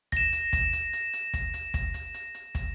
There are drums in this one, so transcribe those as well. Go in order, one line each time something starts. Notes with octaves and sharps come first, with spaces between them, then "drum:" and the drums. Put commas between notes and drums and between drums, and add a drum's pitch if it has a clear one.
A#6 E7, drum: kick, hi-hat
drum: hi-hat
drum: kick, hi-hat
drum: hi-hat
drum: hi-hat
drum: hi-hat
drum: kick, hi-hat
drum: hi-hat
drum: kick, hi-hat
drum: hi-hat
drum: hi-hat
drum: hi-hat
drum: kick, hi-hat